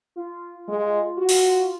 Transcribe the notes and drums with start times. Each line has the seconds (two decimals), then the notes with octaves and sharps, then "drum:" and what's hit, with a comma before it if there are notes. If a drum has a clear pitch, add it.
0.16 F4
0.68 G#3
1.18 F#4
1.29 drum: open hi-hat